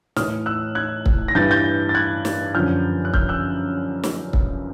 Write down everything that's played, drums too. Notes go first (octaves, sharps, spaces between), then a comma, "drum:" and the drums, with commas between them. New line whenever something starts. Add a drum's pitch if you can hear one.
A2 E3 D#6 F6, drum: snare
E6 F#6
F#6 G#6
drum: kick
A#6
G2 E3 G6 A6
G6 A6
A6
F#6 G#6
drum: snare
F#2 D3 F3 F6 G6
F#6
F6 G6, drum: kick
E6 F#6
drum: snare
drum: kick